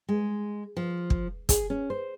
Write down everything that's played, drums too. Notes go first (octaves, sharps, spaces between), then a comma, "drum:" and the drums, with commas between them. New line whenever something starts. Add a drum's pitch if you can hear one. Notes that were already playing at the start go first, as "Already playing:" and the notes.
G#3
F3
drum: kick
G#4, drum: kick, hi-hat
C#4
C5